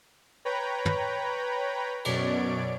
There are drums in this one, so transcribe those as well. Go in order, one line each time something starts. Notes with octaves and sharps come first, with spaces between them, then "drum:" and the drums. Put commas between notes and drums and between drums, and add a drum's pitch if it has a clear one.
B4 C#5 G5 A#5 B5
drum: tom
F#2 B2 C#5 D5 D7, drum: cymbal